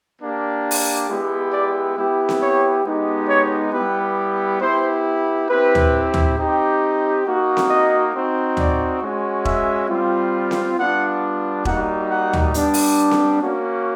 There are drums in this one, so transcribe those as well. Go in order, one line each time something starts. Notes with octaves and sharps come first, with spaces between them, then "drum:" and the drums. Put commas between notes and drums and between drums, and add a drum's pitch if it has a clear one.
A#3 D4 G4
drum: open hi-hat
G#3 B3 E4 G4
D5
B3 E4 G4
drum: snare C4
C#5
G#3 B3 D#4 G4
C#5
G3 B3 E4 G4 B4
B3 E4 G4 C5
C4 E4 G4 B4
drum: tom D2
drum: tom D2
C4 D#4 G4
A#3 D#4 F#4
drum: snare C4
D#5
C4 D#4 F#4
D5, drum: tom D2
G#3 C#4 F#4
E5, drum: kick E1
G3 C4 F4
drum: snare C4
G3 B3 D4 F4 F#5
G3 A#3 D#4 F#4 F#5, drum: kick E1
F#5
drum: tom D2
G3 B3 D4, drum: hi-hat
drum: open hi-hat
drum: snare C4
A#3 C#4 F#4